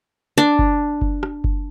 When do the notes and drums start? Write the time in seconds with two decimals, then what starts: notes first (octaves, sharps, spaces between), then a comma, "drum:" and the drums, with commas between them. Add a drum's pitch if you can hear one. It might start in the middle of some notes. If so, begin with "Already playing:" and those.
0.38 D4
0.59 drum: kick F#1
1.01 drum: kick F#1
1.23 drum: rim click
1.44 drum: kick F#1